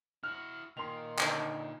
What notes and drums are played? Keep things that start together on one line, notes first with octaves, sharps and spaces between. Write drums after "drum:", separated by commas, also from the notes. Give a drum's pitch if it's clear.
E4 F#4 F6
A#2 D#3 C6 F7
D3 D#4, drum: clap